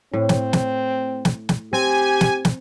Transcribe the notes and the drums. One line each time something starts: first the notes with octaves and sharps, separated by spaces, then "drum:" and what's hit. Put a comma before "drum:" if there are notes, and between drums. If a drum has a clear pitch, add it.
A2 C4
drum: snare
drum: snare
drum: snare
drum: snare
C4 G4 G#5
drum: snare
drum: snare